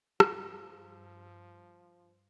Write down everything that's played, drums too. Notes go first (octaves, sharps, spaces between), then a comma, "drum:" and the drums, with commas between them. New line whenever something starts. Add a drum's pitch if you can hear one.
G2 F3, drum: rim click